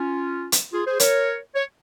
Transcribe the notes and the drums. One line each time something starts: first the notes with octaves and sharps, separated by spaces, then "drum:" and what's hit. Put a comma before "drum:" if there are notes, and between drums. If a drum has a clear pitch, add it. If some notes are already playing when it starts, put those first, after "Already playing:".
Already playing: C#4 F4
drum: hi-hat
F4 G#4
G#4 C5
A#4 C#5, drum: hi-hat
C#5